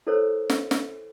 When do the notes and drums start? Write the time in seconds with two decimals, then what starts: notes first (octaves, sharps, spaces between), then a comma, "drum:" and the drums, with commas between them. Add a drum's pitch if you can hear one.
0.07 E4 A4 A#4 C5 C#5
0.50 drum: snare
0.71 drum: snare